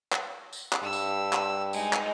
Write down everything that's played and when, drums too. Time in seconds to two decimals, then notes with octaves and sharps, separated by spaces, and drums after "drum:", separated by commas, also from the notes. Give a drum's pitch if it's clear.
0.12 drum: clap
0.53 drum: tambourine
0.73 drum: clap
0.83 G2 E6
0.93 drum: tambourine
1.33 drum: clap
1.73 G#3 D#4, drum: tambourine
1.93 drum: clap